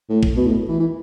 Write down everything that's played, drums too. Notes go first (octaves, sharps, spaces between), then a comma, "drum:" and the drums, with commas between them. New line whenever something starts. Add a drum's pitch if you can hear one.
A2
drum: kick
B2
A2
E3
E3